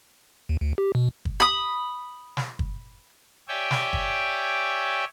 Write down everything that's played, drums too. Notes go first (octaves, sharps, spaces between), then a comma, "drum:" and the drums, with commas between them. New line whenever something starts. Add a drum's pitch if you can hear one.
D#2
D2
G4
B2
drum: kick
B5 D#6
drum: snare
drum: kick
G4 C#5 D5 E5 G5 G#5
drum: snare
drum: kick